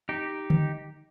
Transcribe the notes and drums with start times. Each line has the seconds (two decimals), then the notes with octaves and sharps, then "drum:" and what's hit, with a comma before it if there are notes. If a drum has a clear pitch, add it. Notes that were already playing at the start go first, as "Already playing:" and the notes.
0.09 D#4 G4
0.50 drum: tom